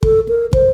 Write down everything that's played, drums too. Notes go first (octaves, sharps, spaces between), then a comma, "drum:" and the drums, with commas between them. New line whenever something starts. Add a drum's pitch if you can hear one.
A4, drum: kick
A#4
C5, drum: kick